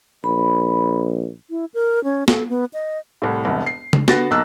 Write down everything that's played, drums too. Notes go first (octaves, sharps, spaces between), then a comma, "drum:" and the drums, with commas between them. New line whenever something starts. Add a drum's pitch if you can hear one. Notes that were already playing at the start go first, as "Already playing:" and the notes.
A#1 B5
E4
A#4
C#4
A4, drum: snare
B3
D#5
C2 A2
E1 C2
C7
drum: tom C#3
D3 B3 F#4 F#5 A6 A#6, drum: snare
B1 A#3 E6 F#6